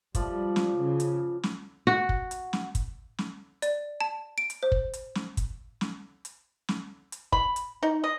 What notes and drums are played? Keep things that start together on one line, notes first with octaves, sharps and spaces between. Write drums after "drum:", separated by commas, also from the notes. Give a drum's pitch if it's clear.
F3 G3 D5, drum: kick, hi-hat
drum: snare
C#3
drum: hi-hat
drum: snare
F#4
drum: kick
drum: hi-hat
drum: snare
drum: kick, hi-hat
drum: snare
D5, drum: hi-hat
A5
D7
drum: hi-hat
C5
drum: kick
drum: hi-hat
drum: snare
drum: kick, hi-hat
drum: snare
drum: hi-hat
drum: snare
drum: hi-hat
B5, drum: kick
drum: hi-hat
D#4
D#5